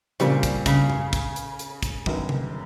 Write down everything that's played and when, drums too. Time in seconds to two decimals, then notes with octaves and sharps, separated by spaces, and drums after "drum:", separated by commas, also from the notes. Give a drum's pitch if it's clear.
0.20 A#2 C#3 G3 C4, drum: hi-hat
0.43 drum: kick, hi-hat
0.66 C#3, drum: kick, hi-hat
0.90 drum: tom F#2
1.13 drum: kick, hi-hat
1.36 drum: hi-hat
1.59 drum: hi-hat
1.83 drum: kick, hi-hat
2.06 G1 F#2 D#3, drum: kick
2.29 drum: tom C3